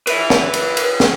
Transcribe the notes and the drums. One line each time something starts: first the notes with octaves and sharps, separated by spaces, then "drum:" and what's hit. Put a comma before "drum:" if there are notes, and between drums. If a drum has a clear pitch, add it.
B4 E5, drum: cymbal
drum: snare
drum: cymbal
drum: cymbal
drum: snare